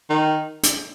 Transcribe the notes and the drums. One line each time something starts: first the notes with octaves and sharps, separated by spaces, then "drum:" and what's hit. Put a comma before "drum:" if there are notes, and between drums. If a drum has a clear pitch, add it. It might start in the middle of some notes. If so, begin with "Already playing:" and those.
D#3
drum: hi-hat